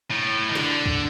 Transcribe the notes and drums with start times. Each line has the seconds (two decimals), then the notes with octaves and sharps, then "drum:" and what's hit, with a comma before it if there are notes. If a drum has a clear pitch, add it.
0.10 A2
0.49 D#3
0.55 D3, drum: snare
0.86 drum: kick